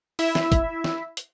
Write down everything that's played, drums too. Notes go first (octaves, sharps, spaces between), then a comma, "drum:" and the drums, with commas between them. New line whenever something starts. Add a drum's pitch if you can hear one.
E4 E5, drum: open hi-hat
drum: snare
drum: kick, hi-hat
drum: snare
drum: hi-hat